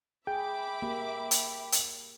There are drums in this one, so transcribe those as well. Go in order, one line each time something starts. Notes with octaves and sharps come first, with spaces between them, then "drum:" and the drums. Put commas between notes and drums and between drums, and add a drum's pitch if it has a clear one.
G#4 E5 G5 B5 D6
A#3 G4
drum: hi-hat
drum: hi-hat